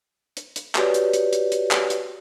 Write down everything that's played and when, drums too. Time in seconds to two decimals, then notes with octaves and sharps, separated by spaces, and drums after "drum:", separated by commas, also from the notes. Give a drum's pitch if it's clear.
0.37 drum: hi-hat
0.56 drum: hi-hat
0.75 F#4 G4 B4 C#5 D5, drum: clap
0.94 drum: hi-hat
1.13 drum: hi-hat
1.33 drum: hi-hat
1.52 drum: hi-hat
1.71 drum: clap
1.90 drum: hi-hat